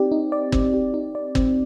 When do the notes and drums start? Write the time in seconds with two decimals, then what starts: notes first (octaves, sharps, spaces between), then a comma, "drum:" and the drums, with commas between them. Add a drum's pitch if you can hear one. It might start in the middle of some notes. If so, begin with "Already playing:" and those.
Already playing: C4 D#4 G4 D5
0.11 D#4
0.32 D5
0.52 C4, drum: kick
0.74 G4
0.94 D#4
1.15 D5
1.35 C4, drum: kick